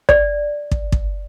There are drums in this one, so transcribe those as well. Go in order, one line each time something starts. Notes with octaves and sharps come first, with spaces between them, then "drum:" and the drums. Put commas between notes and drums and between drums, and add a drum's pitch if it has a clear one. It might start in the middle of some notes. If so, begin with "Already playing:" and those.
D5, drum: kick
drum: kick
drum: kick